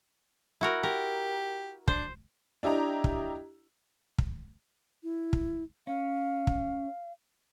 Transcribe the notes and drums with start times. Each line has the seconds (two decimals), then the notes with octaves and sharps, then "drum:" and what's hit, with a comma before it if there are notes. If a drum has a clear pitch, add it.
0.61 E4 F#4 A#4
0.83 G4 A#4
1.88 D4 C5, drum: kick
2.63 D4 E4 G4 D#5 A#5
3.04 drum: kick
4.18 drum: kick
5.03 E4
5.33 drum: kick
5.87 C#4 F5
6.47 drum: kick